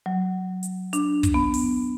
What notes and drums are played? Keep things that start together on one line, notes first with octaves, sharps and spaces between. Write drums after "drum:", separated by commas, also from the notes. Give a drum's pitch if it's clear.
F#3
drum: hi-hat
D4, drum: hi-hat
drum: kick, hi-hat
B3
drum: open hi-hat